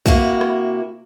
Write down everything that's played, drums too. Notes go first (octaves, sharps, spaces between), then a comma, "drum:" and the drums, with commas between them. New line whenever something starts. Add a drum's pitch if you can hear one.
C3 A#3 E4 F#4, drum: kick
drum: rim click